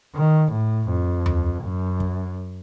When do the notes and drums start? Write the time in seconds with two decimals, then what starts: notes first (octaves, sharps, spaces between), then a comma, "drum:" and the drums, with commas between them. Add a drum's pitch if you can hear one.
0.15 D#3
0.52 A2
0.89 F2
1.26 drum: tom D#2
1.63 F#2
2.00 drum: kick